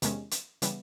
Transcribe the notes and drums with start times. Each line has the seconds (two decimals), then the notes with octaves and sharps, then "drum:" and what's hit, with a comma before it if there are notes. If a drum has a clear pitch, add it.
0.02 E2 C3 D#3 G#3 C#4, drum: hi-hat
0.31 drum: hi-hat
0.62 C#3 E3 G3 B3, drum: hi-hat